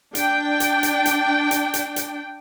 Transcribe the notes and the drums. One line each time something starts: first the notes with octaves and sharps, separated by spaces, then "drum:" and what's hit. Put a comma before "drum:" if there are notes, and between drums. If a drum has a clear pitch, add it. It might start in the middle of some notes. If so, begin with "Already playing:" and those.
D4 G5, drum: hi-hat
drum: hi-hat
drum: hi-hat
drum: hi-hat
drum: hi-hat
drum: hi-hat
drum: hi-hat